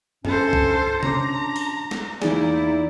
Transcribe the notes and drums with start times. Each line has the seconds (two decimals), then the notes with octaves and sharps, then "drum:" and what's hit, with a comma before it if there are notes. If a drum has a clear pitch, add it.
0.25 G2 C#4 A4 C5, drum: tom F#2
0.53 drum: kick
1.03 C#4 D4 A#5 C6 D6, drum: tom C3
1.56 drum: open hi-hat
1.91 drum: snare
2.22 E2 E3 A#3 D#4 E4 G#4 D5, drum: snare